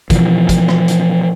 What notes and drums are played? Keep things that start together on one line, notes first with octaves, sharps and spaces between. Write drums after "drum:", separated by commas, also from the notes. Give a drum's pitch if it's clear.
B2 E3 F3, drum: kick, hi-hat
drum: kick, hi-hat
drum: rim click
drum: hi-hat